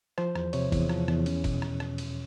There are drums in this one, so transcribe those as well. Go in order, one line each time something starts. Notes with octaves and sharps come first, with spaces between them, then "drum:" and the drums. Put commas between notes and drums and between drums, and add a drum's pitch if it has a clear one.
F3 C5, drum: rim click
E2, drum: rim click
C3 C#5, drum: cymbal
E2, drum: kick, cymbal
F3, drum: rim click
E2, drum: rim click
C#4, drum: cymbal
B2, drum: kick, cymbal
drum: rim click
drum: rim click
drum: cymbal